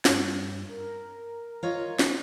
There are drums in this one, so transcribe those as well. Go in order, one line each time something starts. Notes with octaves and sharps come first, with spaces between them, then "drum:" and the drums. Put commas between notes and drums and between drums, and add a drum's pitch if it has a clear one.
G2, drum: snare
A#4
F4 C#5 D#5
drum: snare